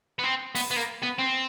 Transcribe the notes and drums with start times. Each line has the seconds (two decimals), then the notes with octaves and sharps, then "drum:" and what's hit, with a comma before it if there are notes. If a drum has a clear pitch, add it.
0.19 B3
0.24 C4
0.55 B3, drum: open hi-hat
0.71 B3
0.76 A#3
1.03 B3
1.19 C4